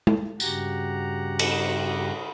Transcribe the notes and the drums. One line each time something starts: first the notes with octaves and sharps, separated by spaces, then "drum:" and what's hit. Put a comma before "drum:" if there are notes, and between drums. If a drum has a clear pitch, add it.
drum: tom G#3
G2 C#3 F#4 G4 F#5 A#5, drum: tambourine
drum: cymbal